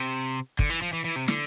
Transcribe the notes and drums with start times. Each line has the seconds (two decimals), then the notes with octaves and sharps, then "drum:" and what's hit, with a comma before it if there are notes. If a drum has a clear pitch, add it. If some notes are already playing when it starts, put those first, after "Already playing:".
Already playing: C3
0.59 D3, drum: kick
0.70 E3
0.82 F3
0.93 E3
1.04 E3
1.16 C3
1.28 D3, drum: snare